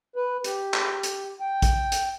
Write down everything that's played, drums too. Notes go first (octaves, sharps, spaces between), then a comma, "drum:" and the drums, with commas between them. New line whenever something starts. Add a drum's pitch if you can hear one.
B4
G4, drum: hi-hat
drum: clap
drum: hi-hat
G5
drum: kick A#1, hi-hat
drum: hi-hat